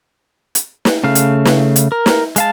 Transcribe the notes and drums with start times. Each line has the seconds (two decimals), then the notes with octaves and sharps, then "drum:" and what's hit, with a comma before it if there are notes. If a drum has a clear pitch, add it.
0.55 drum: hi-hat
0.85 drum: snare
1.04 C#3 A3 F5
1.15 drum: hi-hat
1.45 drum: snare
1.76 drum: hi-hat
1.92 A#4
2.06 drum: snare
2.36 G#3 F5 A5, drum: hi-hat